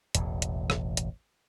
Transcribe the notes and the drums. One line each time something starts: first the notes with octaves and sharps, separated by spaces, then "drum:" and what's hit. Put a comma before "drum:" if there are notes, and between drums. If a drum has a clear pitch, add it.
E1 A1 E2, drum: hi-hat
drum: hi-hat
drum: rim click
drum: hi-hat